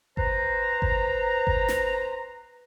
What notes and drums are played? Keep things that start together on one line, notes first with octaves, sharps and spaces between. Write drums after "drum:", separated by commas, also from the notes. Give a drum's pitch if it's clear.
B4 C5 A#5, drum: kick G1
drum: kick G1
drum: kick G1
drum: snare